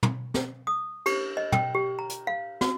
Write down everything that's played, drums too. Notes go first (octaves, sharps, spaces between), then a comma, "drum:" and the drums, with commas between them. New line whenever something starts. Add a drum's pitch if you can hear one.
drum: tom
drum: snare
D#6
G4, drum: cymbal
D#5
G5, drum: tom
G4
A#5
drum: hi-hat
F5
F#4, drum: snare